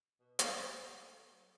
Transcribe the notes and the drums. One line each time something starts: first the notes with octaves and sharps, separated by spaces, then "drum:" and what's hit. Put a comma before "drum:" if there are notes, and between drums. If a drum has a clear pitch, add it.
B2
drum: hi-hat
F#3
A3
F#3
A3
F#3